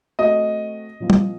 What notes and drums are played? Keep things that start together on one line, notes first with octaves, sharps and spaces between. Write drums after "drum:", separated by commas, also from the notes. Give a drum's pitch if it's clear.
A3 C4 F#4 D#5
A#2 F3 C4 F4
drum: tom